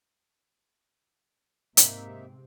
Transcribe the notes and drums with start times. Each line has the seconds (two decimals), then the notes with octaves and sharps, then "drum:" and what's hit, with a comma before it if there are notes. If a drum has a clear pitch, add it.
1.77 G#2 C3 A#3 C4 D#4 E5, drum: hi-hat